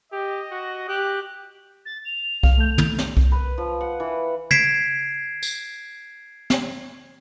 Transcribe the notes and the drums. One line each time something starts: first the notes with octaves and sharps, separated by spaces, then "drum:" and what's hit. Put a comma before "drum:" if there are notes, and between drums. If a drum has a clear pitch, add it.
G4 D#5
F#4
G4 F#6
A6
F7
F5, drum: kick C2
A3 A4 G6
drum: tom
drum: snare
drum: kick C2
B4
F3
F#5
E3
G#6 B6 C7 D7 E7, drum: tom
drum: tambourine
drum: snare